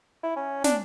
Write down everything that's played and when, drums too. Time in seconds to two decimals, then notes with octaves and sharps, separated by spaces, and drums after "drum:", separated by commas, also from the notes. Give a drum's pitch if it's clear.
0.23 E4
0.36 C#4
0.64 D4, drum: snare